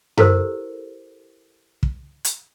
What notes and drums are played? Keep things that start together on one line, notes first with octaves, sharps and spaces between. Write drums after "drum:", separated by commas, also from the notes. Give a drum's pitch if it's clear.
E4 G4 A4 A#4 C5, drum: tom F#2
drum: kick
drum: hi-hat